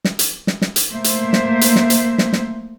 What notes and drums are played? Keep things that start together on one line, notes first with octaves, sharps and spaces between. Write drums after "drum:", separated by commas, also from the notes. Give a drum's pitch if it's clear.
drum: snare
drum: hi-hat
drum: snare
drum: snare
drum: hi-hat
A3 A#3 C5 E5
drum: hi-hat
drum: snare
drum: hi-hat
drum: snare
drum: hi-hat
drum: snare
drum: snare